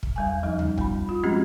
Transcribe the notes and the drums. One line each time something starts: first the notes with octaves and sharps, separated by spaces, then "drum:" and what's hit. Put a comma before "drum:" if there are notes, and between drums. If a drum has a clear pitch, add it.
drum: kick
E2 G3 G#5
D#2 F3 G3 D#4
drum: tom D2
G2 G3 B3 B5, drum: kick
F4
F3 G#3 C4 C#4 F#4 G4